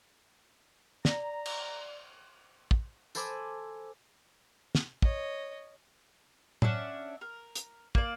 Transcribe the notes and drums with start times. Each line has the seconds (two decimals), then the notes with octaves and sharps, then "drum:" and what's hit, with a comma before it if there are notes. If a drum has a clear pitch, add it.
1.05 D5 A#5, drum: snare
1.46 drum: cymbal
2.71 drum: kick
3.15 A4 C5 G#5 B5 D6 E6, drum: tambourine
4.75 drum: snare
5.02 C#5 D#5, drum: kick
6.62 C#4 D4 E5 F#5, drum: tom A2
7.21 A#4
7.55 drum: hi-hat
7.95 A#3 D5, drum: kick